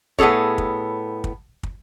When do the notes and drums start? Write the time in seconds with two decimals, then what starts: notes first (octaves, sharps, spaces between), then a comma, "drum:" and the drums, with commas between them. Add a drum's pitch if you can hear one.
0.19 A2 B3 G#4 A4 C#5, drum: kick
0.58 drum: kick
1.24 drum: kick
1.63 drum: kick